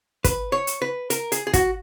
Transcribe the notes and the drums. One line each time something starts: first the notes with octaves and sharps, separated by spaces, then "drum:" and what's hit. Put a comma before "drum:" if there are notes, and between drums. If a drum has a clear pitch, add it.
B4, drum: kick, hi-hat
C#5
drum: hi-hat
B4
A#4, drum: hi-hat
G#4, drum: hi-hat
G#4
F#4, drum: kick, hi-hat